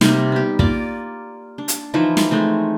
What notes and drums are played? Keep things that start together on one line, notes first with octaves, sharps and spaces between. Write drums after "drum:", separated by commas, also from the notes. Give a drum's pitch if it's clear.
C3 G3 A#3 D#4, drum: snare
B3 G4
A#3 F4 D5, drum: kick
D4
drum: hi-hat
E3 F3 D#4
drum: snare
G#3 A3 C4